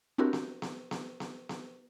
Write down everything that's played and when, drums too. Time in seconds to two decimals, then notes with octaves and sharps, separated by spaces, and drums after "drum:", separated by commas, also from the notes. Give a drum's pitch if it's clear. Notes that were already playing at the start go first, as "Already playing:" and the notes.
0.18 C4 D4 E4 F#4 G4 A#4
0.33 drum: snare B3
0.62 drum: snare B3
0.91 drum: snare B3
1.20 drum: snare B3
1.49 drum: snare B3